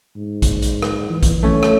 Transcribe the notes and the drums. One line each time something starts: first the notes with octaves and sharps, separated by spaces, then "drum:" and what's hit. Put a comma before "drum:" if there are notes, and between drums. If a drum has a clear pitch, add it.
G#2
drum: kick, hi-hat
drum: hi-hat
drum: rim click
E3
drum: kick, hi-hat
A3 C#4
drum: rim click